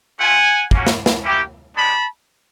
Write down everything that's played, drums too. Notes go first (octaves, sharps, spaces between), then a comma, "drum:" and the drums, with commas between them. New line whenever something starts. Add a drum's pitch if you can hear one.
A3 C#4 F4 F#5 G#5
A#3 C#4 F#4, drum: kick
drum: snare
drum: snare
A#3 C#4 E4 G4
G#3 B3 D4 G4 A5 B5